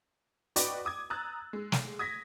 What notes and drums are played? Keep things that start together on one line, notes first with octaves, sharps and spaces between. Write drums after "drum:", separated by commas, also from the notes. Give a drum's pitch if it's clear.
F#4 B4 D5 D#5 G5 C#6, drum: hi-hat
D6 D#6 G#6
A#5 D#6 E6 F#6 A6
G#3
drum: snare
D#6 G#6 A#6 B6